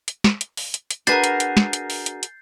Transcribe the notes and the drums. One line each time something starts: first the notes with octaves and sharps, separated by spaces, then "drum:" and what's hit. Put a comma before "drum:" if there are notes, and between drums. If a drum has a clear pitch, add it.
drum: hi-hat
drum: snare
drum: hi-hat
drum: open hi-hat
drum: hi-hat
drum: hi-hat
D4 F#4 G#4 A#4 B4 G6 A6 C7, drum: hi-hat
drum: hi-hat
drum: hi-hat
drum: snare
drum: hi-hat
drum: open hi-hat
drum: hi-hat
drum: hi-hat